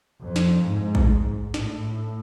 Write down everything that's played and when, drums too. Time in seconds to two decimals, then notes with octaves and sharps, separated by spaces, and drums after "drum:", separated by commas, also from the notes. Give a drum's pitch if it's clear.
0.21 F2
0.36 drum: snare
0.66 G#2
0.95 drum: kick
1.54 A2, drum: snare